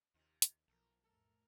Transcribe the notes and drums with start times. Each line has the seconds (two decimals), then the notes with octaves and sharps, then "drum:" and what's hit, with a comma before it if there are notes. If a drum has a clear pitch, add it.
0.14 D#2 C3 D#4 F4
0.42 drum: hi-hat
0.68 B1 F3 A3 A#4
1.04 F2 A2 A3 A4 A#4